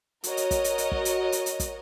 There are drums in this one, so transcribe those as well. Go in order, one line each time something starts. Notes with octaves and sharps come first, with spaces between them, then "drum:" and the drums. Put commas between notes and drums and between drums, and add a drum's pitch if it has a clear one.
F#4 A#4 C#5 D#5, drum: hi-hat
drum: hi-hat
drum: kick, hi-hat
drum: hi-hat
drum: hi-hat
drum: kick
drum: hi-hat
drum: hi-hat
drum: hi-hat
drum: kick, hi-hat